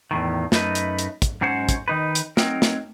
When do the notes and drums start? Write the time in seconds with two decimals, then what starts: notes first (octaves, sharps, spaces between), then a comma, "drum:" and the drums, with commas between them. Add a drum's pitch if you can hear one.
0.11 E2 A2 D#3
0.52 F#2 A3 D#4 B4, drum: snare
0.75 drum: hi-hat
0.99 drum: hi-hat
1.22 drum: kick, hi-hat
1.41 G#2 F#3 C#4 C5 F#5
1.69 drum: kick, hi-hat
1.88 D#3 D#4 B4
2.15 drum: hi-hat
2.37 F#3 C4 D#4 A#4, drum: snare
2.62 drum: snare